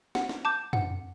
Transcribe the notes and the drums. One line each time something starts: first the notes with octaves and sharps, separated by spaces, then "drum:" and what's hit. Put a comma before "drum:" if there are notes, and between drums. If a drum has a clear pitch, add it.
F#5, drum: snare
drum: snare
A5 D6 G6
F#5, drum: tom